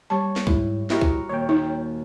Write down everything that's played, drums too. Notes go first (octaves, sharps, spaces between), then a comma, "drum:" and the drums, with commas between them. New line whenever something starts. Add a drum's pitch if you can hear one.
G3 C#5 A5
drum: snare
G#2 E4, drum: kick C2
E4 F#4 G4 A#4 D#5, drum: snare
drum: kick C2
D#2 A#2 C#5 G5
D#4